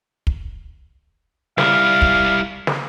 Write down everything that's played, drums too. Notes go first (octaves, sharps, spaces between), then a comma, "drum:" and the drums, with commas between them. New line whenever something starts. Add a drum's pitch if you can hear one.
drum: kick
G3 E4 F5, drum: snare
drum: kick
drum: snare